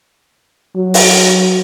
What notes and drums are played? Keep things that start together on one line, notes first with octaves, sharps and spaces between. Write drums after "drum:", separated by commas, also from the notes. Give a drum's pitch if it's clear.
F#3
drum: open hi-hat